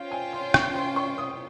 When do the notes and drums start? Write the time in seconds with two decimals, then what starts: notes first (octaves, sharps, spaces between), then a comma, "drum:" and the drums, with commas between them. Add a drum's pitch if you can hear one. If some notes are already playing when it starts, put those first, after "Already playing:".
Already playing: C#4 F4 C5 F5 G5
0.11 G#5
0.33 C6
0.54 C#6, drum: rim click
0.76 C6
0.96 C#6
1.18 D#6